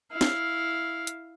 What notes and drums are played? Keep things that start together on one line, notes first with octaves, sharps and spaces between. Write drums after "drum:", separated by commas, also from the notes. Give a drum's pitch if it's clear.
E4 F5
drum: snare
drum: hi-hat